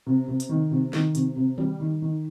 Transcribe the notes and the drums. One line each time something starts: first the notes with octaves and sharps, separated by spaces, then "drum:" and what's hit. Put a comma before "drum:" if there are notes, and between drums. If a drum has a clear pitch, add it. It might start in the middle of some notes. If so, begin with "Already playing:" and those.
C3
C3
drum: hi-hat
D#3
C3
D#3, drum: snare
C3, drum: hi-hat
C3
G3, drum: tom D#3
D#3
D#3